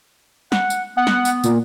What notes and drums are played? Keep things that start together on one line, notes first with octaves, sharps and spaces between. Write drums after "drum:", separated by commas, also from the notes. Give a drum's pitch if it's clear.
F#5, drum: snare
drum: tambourine
B3 F#5
drum: snare
drum: tambourine
A#2, drum: tambourine